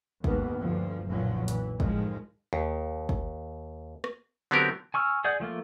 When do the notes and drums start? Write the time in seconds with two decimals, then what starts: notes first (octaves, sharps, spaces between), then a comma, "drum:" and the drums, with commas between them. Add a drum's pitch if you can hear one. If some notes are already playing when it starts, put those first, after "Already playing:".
0.24 D#2 G#2 B2 D#3 A#3 B3, drum: kick
0.58 D2 G2 F3
1.06 F#1 B1 A#2 F3 F#3
1.48 E3, drum: hi-hat
1.80 A2 D#3 F3 G#3, drum: kick
2.53 D#2
3.09 drum: kick
4.04 drum: rim click
4.51 D3 F#3 B3 C4 G4 A#4
4.94 G#5 C#6 E6 F6
5.24 G#4 D5 F#5 G6
5.40 F3 A3 A#3 F4